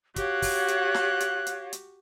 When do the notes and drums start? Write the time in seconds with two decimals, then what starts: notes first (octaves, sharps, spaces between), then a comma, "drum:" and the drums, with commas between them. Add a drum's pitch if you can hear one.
0.16 F#4 G4 C#5 F5 F#6, drum: kick, hi-hat
0.42 drum: kick, open hi-hat
0.68 drum: hi-hat
0.94 drum: snare
1.20 drum: hi-hat
1.47 drum: hi-hat
1.73 drum: hi-hat